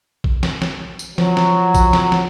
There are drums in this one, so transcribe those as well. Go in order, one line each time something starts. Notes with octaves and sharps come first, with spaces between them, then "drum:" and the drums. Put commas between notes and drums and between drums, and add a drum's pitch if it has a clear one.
drum: kick A1
drum: snare
drum: snare
drum: tambourine
F3 F#3, drum: snare
drum: snare
drum: kick A1, tambourine
drum: snare
drum: snare